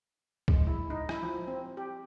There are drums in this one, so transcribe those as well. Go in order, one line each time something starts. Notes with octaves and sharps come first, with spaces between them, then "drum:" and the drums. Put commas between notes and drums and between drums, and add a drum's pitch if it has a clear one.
G#3, drum: kick
E4
D#4
E4, drum: rim click
F3
C4
G4